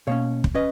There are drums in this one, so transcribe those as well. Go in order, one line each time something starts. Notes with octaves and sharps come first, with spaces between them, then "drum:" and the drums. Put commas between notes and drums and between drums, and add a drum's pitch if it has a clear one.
B2 A#3 C#4 C#5 F5
drum: kick
C#4 B4 D#5